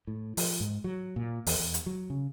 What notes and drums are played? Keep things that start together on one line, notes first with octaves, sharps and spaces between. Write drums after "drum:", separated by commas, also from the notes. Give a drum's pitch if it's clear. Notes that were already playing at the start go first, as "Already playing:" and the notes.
A2
F3, drum: open hi-hat
G#2
F#3
A#2
E2, drum: open hi-hat
E2
drum: hi-hat
F#3
C#3